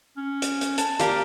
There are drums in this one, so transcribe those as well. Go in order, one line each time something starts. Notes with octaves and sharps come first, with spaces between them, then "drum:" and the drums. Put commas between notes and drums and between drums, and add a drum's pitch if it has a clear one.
C#4
drum: hi-hat
drum: hi-hat
A5, drum: hi-hat
A#3 G4 D5, drum: hi-hat